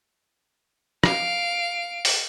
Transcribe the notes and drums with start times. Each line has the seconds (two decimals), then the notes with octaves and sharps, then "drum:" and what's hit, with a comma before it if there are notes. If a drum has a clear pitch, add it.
1.04 F5 D7, drum: rim click
2.05 drum: open hi-hat